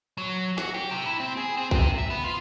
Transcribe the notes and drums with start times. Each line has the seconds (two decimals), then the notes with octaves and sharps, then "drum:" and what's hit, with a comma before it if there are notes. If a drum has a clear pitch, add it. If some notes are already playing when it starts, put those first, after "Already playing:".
0.18 F#3
0.58 F#4, drum: snare
0.74 G4
0.91 C3
1.06 E4
1.20 C4
1.37 G#4
1.57 C4
1.71 C3, drum: kick A#1
1.98 E5
2.10 B3
2.24 F4